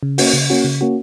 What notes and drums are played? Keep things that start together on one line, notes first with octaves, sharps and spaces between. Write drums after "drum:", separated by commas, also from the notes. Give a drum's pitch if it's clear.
C#3
A#3 C#4 F#4, drum: open hi-hat
C#3
A#3 C#4 F#4
C#3
A#3 C#4 F#4